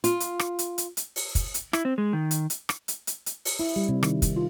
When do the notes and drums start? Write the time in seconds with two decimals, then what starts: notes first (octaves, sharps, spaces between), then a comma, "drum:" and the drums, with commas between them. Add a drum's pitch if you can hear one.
0.04 F4, drum: hi-hat
0.20 drum: hi-hat
0.39 drum: rim click
0.59 drum: hi-hat
0.78 drum: hi-hat
0.97 drum: hi-hat
1.16 drum: open hi-hat
1.35 drum: kick, hi-hat
1.54 drum: hi-hat
1.73 E4, drum: rim click
1.85 C4
1.98 G#3
2.13 D#3
2.31 drum: hi-hat
2.50 drum: hi-hat
2.69 drum: rim click
2.88 drum: hi-hat
3.07 drum: hi-hat
3.26 drum: hi-hat
3.45 drum: open hi-hat
3.60 E4
3.76 G3
3.89 C3
4.03 D#3, drum: rim click
4.22 drum: kick, hi-hat
4.36 F4